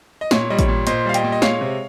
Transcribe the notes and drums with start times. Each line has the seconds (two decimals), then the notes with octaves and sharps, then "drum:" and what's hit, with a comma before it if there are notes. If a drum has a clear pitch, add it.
0.21 D#5
0.31 A#2 C#5, drum: snare
0.50 G3 D#5
0.59 C#5, drum: kick A1, hi-hat
0.68 A#2
0.87 A#2 C5 D#5, drum: hi-hat
1.06 G3 F5
1.14 D#5 G5, drum: hi-hat
1.24 A#2
1.32 D#5
1.42 G#3 C#5 F5, drum: snare
1.61 C3